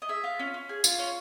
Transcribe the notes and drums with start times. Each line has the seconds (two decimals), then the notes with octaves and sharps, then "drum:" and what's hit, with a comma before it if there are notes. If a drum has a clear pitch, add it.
0.02 D#5
0.09 G#4 E5
0.24 F4
0.39 C#4
0.54 C#4
0.69 G#4
0.84 F4, drum: tambourine
0.99 C#4